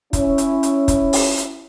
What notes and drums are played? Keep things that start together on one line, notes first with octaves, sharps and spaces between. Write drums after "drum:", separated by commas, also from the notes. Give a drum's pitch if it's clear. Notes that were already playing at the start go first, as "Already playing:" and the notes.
C#4 E4, drum: kick, hi-hat
drum: hi-hat
drum: hi-hat
drum: kick, hi-hat
drum: open hi-hat
drum: hi-hat